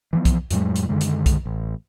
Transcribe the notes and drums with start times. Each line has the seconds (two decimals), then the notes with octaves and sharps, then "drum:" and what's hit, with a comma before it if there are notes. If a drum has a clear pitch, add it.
0.13 E3 F3 B3
0.25 drum: kick B1, hi-hat
0.51 F2 A2 F#3 G#3, drum: hi-hat
0.76 drum: hi-hat
0.89 F#2 D3 D#3 G#3
1.01 drum: hi-hat
1.26 drum: kick B1, hi-hat
1.45 A1